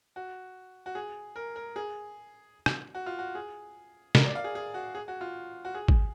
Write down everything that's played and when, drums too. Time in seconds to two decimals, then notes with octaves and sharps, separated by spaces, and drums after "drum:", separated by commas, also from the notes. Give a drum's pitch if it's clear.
0.16 F#4
0.86 F#4
0.95 G#4
1.36 A#4
1.56 A#4
1.76 G#4
2.66 drum: rim click
2.95 F#4
3.06 F4
3.19 F#4
3.35 G#4
4.15 A#4, drum: snare
4.25 D5
4.35 F5
4.44 G#4
4.55 G#4
4.74 F#4
4.95 G#4
5.08 F#4
5.21 F4
5.65 F#4
5.75 G#4
5.88 drum: kick G#1